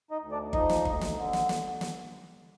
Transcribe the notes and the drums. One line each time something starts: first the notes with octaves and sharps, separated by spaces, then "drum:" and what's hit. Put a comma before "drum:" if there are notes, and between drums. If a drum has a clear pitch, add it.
D#4 D#5
D2
D4 D5
F3 D#4 D#5, drum: kick G1
drum: snare
D2, drum: kick G1
drum: snare
D3
drum: snare
drum: snare
drum: snare